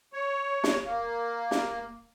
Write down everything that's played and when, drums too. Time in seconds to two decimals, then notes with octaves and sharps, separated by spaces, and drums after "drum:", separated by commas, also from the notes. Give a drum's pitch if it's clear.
0.13 C#5
0.64 drum: snare
0.85 A#3
1.51 drum: snare